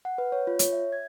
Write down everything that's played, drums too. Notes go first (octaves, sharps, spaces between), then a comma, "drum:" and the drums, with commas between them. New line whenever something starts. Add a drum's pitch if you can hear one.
F#5
B4
C#5
F4
C#5, drum: hi-hat
E5
G#6